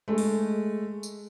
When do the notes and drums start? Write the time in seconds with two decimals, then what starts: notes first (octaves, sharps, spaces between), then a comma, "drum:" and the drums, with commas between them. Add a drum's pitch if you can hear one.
0.08 G#3 A3
0.18 drum: open hi-hat
1.03 drum: tambourine